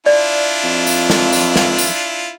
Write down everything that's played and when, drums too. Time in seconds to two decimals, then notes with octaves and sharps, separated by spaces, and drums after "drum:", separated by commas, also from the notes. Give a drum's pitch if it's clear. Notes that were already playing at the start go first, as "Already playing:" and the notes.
0.06 D4 E4 F4 D5
0.64 F2
0.87 drum: tambourine
1.10 drum: snare
1.33 drum: tambourine
1.56 drum: snare
1.79 drum: tambourine